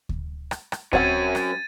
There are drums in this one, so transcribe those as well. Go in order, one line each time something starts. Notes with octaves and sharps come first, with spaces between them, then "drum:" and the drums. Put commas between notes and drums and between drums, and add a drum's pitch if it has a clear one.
drum: kick D2
drum: rim click
drum: rim click
F#3 C4 C#4 F#5 G#6 A6 D#7, drum: kick D2
drum: rim click